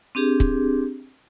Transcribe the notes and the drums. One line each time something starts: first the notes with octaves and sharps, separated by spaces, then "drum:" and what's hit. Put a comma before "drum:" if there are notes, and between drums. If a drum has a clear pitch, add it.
C4 D4 G4 G#4
drum: kick C#1